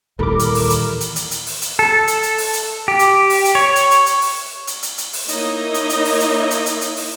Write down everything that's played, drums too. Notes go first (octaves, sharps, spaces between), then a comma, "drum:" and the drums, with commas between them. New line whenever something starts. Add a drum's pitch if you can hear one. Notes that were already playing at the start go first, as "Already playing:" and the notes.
D#2 A#2 E3 G3 A4 A#4 B5 D6
drum: hi-hat
drum: open hi-hat
drum: hi-hat
drum: hi-hat
drum: hi-hat
drum: hi-hat
drum: open hi-hat
drum: hi-hat
A4
drum: hi-hat
drum: hi-hat
drum: open hi-hat
drum: hi-hat
G4
drum: hi-hat
drum: open hi-hat
drum: hi-hat
C#5
drum: hi-hat
drum: hi-hat
drum: hi-hat
drum: open hi-hat
drum: hi-hat
drum: hi-hat
drum: hi-hat
drum: open hi-hat
A#3 D#4 E4 C#5 D#5, drum: hi-hat
drum: hi-hat
drum: hi-hat
drum: open hi-hat
drum: hi-hat
drum: hi-hat
drum: hi-hat
drum: hi-hat
drum: open hi-hat